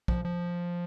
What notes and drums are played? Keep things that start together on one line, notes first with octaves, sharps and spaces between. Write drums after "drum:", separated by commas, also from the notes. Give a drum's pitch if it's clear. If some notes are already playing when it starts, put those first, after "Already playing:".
F3, drum: kick
F3